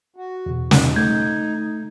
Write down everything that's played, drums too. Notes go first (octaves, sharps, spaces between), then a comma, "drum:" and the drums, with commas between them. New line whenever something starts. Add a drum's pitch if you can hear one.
F#4
E2 B2
D#4, drum: snare
A3 G6 G#6